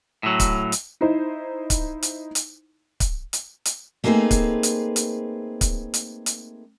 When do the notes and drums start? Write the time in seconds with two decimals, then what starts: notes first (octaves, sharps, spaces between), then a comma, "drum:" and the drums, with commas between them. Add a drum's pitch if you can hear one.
0.23 A2 F#3
0.40 drum: kick C#1, hi-hat
0.72 drum: hi-hat
1.01 D#4 E4 C5
1.70 drum: kick C#1, hi-hat
2.03 drum: hi-hat
2.35 drum: hi-hat
3.00 drum: kick C#1, hi-hat
3.33 drum: hi-hat
3.65 drum: hi-hat
4.04 A3 A#3 C4 D#4 G#4 B4
4.31 drum: kick C#1, hi-hat
4.63 drum: hi-hat
4.96 drum: hi-hat
5.61 drum: kick C#1, hi-hat
5.94 drum: hi-hat
6.26 drum: hi-hat